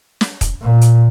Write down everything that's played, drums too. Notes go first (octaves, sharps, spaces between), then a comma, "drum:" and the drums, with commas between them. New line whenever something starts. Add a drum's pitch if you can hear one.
drum: snare
drum: kick, hi-hat
A#2
drum: hi-hat